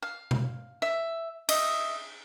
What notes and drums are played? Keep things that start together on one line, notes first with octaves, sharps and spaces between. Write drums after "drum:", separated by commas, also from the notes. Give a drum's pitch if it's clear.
F5
drum: tom B2
E5
D#5 E5, drum: cymbal